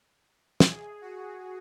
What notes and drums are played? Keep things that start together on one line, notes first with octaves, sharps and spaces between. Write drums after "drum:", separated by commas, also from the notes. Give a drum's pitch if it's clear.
G#4, drum: snare
F#4